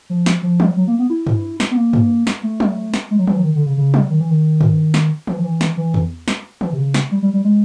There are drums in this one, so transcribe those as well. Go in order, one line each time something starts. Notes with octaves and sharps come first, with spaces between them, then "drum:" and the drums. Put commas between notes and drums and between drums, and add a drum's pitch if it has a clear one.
F3
drum: snare
F3
drum: tom F#3
F#3
A#3
B3
E4
drum: tom G2
drum: snare
B3
A#3
drum: tom G2
drum: snare
A3
drum: tom F#3
drum: snare
G#3
F#3
G3, drum: tom D#3
F#3
D#3
D3
C#3
C#3
drum: tom F#3
D#3
E3
D#3
drum: tom G2
drum: snare
drum: tom D#3
F3
E3
drum: snare
E3
drum: tom E2
drum: snare
drum: tom D#3
C3
C#3
drum: snare
G3
G3
G3
G#3